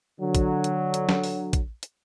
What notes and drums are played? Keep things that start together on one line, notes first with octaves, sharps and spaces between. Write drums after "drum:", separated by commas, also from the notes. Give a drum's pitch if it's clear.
D3 F#3
drum: kick, hi-hat
drum: hi-hat
drum: hi-hat
drum: snare
drum: open hi-hat
drum: kick, hi-hat
drum: hi-hat